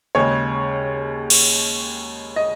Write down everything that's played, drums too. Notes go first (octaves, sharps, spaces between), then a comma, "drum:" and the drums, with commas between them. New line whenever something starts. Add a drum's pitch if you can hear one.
D#2 C#3 G#3 C#5
drum: cymbal
D#5